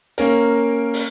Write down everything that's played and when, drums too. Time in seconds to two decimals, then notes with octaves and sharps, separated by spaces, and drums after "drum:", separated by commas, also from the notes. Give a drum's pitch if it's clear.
0.18 A#3 C#4 A#4, drum: hi-hat
0.94 drum: open hi-hat